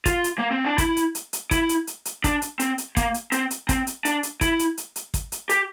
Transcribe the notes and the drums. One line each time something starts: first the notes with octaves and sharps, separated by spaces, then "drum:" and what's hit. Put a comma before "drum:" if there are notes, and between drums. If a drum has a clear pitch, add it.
F4, drum: kick, hi-hat
drum: hi-hat
A#3
C4
D4
E4, drum: kick, hi-hat
drum: hi-hat
drum: hi-hat
drum: hi-hat
E4, drum: kick, hi-hat
drum: hi-hat
drum: hi-hat
drum: hi-hat
D4, drum: kick, hi-hat
drum: hi-hat
C4, drum: hi-hat
drum: hi-hat
A#3, drum: kick, hi-hat
drum: hi-hat
C4, drum: hi-hat
drum: hi-hat
C4, drum: kick, hi-hat
drum: hi-hat
D4, drum: hi-hat
drum: hi-hat
E4, drum: kick, hi-hat
drum: hi-hat
drum: hi-hat
drum: hi-hat
drum: kick, hi-hat
drum: hi-hat
G4, drum: hi-hat